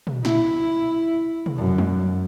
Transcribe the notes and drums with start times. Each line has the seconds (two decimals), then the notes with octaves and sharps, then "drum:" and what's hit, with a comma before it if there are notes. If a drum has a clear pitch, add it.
0.07 drum: tom
0.25 E4, drum: snare
1.46 drum: tom
1.56 F#2
1.78 drum: tom F#3